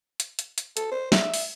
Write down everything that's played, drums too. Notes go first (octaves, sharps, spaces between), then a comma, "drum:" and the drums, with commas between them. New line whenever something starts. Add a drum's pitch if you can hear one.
drum: hi-hat
drum: hi-hat
drum: hi-hat
A4, drum: hi-hat
C5
E5, drum: snare
drum: open hi-hat